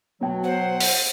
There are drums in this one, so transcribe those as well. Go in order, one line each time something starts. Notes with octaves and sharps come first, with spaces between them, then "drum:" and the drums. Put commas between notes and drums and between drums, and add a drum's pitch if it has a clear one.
B2 F#3 G5 A5
C5 F#5
C5, drum: open hi-hat